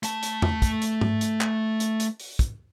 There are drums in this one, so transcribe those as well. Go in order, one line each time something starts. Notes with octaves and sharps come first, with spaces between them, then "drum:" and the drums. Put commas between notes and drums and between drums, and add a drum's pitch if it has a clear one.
A3 A5, drum: hi-hat
drum: hi-hat
drum: tom E2
drum: kick, hi-hat
drum: hi-hat
drum: tom G#2
drum: hi-hat
drum: clap
drum: hi-hat
drum: hi-hat
drum: open hi-hat
drum: kick, hi-hat